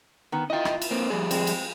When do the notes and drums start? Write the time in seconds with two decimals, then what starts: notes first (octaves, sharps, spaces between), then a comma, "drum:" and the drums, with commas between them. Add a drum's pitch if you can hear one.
0.32 D#3 B3
0.50 E4 F4 D#5 G5
0.65 drum: rim click
0.82 drum: cymbal
0.91 A#3 C4
1.10 F3 G3 G#4
1.31 G#3 C4, drum: cymbal
1.47 drum: cymbal